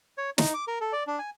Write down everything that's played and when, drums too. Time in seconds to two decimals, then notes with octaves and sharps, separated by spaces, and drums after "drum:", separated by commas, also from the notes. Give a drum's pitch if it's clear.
0.18 C#5
0.38 D#4, drum: snare
0.54 D6
0.68 A#4
0.81 A4
0.93 D5
1.07 D4
1.19 G#5